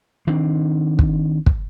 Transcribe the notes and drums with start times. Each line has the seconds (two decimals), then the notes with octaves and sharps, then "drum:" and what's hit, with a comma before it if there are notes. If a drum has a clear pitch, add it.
0.27 D#3 C4 D4
0.99 drum: kick
1.46 drum: kick